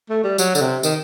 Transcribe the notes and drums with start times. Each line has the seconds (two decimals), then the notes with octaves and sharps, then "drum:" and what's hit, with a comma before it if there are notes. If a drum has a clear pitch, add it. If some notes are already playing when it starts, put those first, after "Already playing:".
0.10 A3
0.24 G3
0.38 F#3, drum: tambourine
0.55 D3, drum: tambourine
0.61 C3
0.83 D#3, drum: tambourine